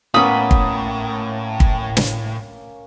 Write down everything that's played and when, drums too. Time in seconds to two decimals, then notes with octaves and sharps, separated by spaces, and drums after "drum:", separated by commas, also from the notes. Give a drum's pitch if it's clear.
0.14 A2 A#3 B3 C#4 B5 D#6
0.51 drum: kick
1.60 drum: kick
1.97 drum: snare